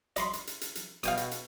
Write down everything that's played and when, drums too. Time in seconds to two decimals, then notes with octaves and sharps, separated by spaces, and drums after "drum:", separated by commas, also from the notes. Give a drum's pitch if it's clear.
0.16 D#5 B5 C6, drum: hi-hat
0.33 drum: hi-hat
0.47 drum: hi-hat
0.61 drum: hi-hat
0.75 drum: hi-hat
1.03 B2 F5 G5 D#6, drum: hi-hat
1.17 drum: hi-hat
1.31 drum: hi-hat